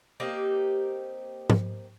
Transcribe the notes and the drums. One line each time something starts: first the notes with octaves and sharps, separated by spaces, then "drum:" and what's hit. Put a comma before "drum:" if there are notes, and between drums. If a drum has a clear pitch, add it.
A#3 C4 D#4 G4
drum: tom